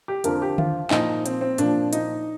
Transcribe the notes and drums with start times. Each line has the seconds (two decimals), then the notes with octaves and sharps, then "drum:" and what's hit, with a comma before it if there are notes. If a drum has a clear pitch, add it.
0.08 G4
0.24 F2 D3 F3 A#4, drum: hi-hat
0.42 G4
0.58 F4, drum: tom D3
0.91 A#2 F3 D#4, drum: clap
1.26 C4, drum: hi-hat
1.41 C4
1.58 A#2 F3 D4, drum: hi-hat
1.93 D#4, drum: hi-hat